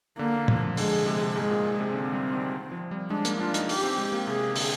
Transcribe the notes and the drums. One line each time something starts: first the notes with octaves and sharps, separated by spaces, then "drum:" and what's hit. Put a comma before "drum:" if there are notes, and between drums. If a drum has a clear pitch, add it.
D3 A#3
F3, drum: tom
D3 G#3, drum: open hi-hat
C3
C3
G#2 G#3
A#2
A#2
C3
D3 C4
G3
D#3
F3
G3
G#3 D4
A#3, drum: hi-hat
D4 F4
D#4, drum: hi-hat
G4, drum: open hi-hat
C4
G#3
A#3
C3 G#4
D3, drum: open hi-hat